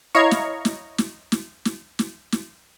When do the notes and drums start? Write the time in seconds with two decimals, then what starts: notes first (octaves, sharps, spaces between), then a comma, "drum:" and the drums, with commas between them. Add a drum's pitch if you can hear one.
0.15 E4 C#5 D#5 F5 A#5 C#6
0.31 drum: snare
0.65 drum: snare
0.98 drum: snare
1.32 drum: snare
1.65 drum: snare
1.99 drum: snare
2.32 drum: snare